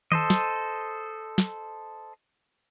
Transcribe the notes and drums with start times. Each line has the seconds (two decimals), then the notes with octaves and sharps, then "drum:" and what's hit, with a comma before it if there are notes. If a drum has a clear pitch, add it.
0.12 A4 C5 D#5, drum: tom D#3
0.30 drum: snare
1.38 drum: snare